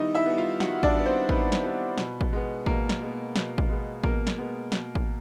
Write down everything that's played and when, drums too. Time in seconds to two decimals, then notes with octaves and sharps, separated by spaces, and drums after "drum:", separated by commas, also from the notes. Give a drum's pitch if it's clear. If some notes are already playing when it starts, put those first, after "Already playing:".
Already playing: D#3 G3 B3 D#4 E4 D#5
0.15 E4 E5
0.26 G3 B3
0.37 F4 F5
0.60 D#3 F#4 F#5, drum: snare
0.83 D4 D5, drum: kick
0.95 G3 B3
1.06 C4 C5
1.29 D#3 B3 B4, drum: kick
1.52 drum: snare
1.64 G3 B3
1.98 B2, drum: snare
2.21 drum: kick
2.33 G#3 B3
2.66 B2 A#3 A#4, drum: kick
2.89 drum: snare
3.01 G#3 B3
3.36 B2, drum: snare
3.58 drum: kick
3.69 G#3 B3
4.04 B2 A#3 A#4, drum: kick
4.27 drum: snare
4.38 G#3 B3
4.72 B2, drum: snare
4.95 drum: kick